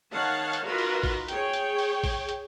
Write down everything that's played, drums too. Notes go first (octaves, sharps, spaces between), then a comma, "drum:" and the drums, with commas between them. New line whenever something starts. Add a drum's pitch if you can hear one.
D#3 C#5 F5 F#5 A5
drum: hi-hat
D#4 F4 F#4 A#4 B4
drum: open hi-hat
drum: kick A1, open hi-hat
G#4 C#5 G5, drum: hi-hat
drum: hi-hat
drum: open hi-hat
drum: kick A1, open hi-hat
drum: hi-hat